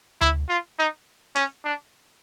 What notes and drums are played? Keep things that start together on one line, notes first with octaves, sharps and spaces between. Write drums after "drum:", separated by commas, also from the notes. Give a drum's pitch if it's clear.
E4, drum: tom D2
F4
D#4
C#4, drum: hi-hat
D4